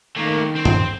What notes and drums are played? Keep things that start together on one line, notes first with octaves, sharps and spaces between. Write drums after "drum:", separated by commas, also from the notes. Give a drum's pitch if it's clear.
D#3 A3 A#3
C4 C5
drum: tom